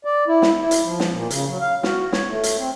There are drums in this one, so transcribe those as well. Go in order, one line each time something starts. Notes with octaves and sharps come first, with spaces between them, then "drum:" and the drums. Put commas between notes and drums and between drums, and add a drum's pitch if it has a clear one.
D5
E4
drum: snare
E4
drum: hi-hat
F3
drum: snare
A#2
C#3, drum: hi-hat
F#3
F5
F#4, drum: snare
C#5, drum: snare
A3
drum: hi-hat
C4